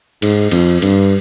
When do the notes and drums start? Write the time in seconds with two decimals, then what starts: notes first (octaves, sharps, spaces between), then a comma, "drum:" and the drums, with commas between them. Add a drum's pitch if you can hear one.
0.22 G#2, drum: cymbal
0.52 F2, drum: cymbal
0.82 G2, drum: cymbal